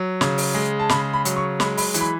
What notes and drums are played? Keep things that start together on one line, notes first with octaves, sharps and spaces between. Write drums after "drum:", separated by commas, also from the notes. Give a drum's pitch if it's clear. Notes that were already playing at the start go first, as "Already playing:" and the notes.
Already playing: F#3
C#3, drum: snare
drum: open hi-hat
G#3
A5
C#3 B5, drum: snare
B5
F#3, drum: hi-hat
C#6
G#3 B5, drum: snare
B5, drum: open hi-hat
E3, drum: hi-hat
B5